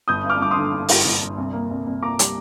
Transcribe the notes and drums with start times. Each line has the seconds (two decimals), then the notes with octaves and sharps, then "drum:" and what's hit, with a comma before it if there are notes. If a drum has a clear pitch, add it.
0.08 G1 D#6 G6
0.24 G2
0.29 D6 F6
0.40 G2 D6
0.51 C6 D#6
0.57 D3
0.73 D3
0.88 G1, drum: open hi-hat
1.05 G1
1.22 G1
1.38 C2
1.53 A#3
1.71 C2
1.87 C2
2.03 A#3 A#5 D6
2.19 G3, drum: hi-hat